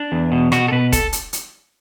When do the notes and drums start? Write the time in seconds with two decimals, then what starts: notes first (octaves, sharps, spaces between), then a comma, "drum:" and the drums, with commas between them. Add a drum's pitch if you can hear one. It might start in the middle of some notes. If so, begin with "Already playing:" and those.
Already playing: D4
0.12 E2
0.32 B2
0.52 B2 F#4, drum: rim click
0.68 A4
0.72 B2 B4
0.92 A4, drum: kick, hi-hat
1.13 drum: hi-hat
1.33 drum: hi-hat